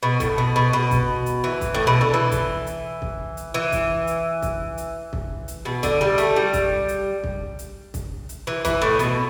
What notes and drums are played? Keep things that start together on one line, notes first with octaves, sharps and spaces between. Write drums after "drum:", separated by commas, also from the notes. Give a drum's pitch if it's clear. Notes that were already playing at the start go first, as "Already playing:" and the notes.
B2
A2, drum: kick, hi-hat
B2
B2
B2
drum: kick, hi-hat
drum: hi-hat
E3
drum: kick, hi-hat
A2
B2
D3
E3
drum: kick, hi-hat
drum: hi-hat
drum: kick
drum: hi-hat
E3
drum: kick, hi-hat
drum: hi-hat
drum: kick, hi-hat
drum: hi-hat
drum: kick
drum: hi-hat
B2
D3, drum: kick, hi-hat
G3
A3, drum: hi-hat
G3
drum: kick, hi-hat
drum: hi-hat
drum: kick
drum: hi-hat
drum: kick, hi-hat
drum: hi-hat
E3
E3, drum: kick, hi-hat
A2
B2, drum: hi-hat